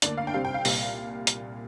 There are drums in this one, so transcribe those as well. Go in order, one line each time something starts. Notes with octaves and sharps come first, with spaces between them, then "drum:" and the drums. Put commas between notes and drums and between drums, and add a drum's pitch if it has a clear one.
D2 D3 A#3 D4 D5, drum: hi-hat
F5
G5
C2 C3 G3 C4 F5
G5
F5
C2 A#2 G3, drum: open hi-hat
drum: hi-hat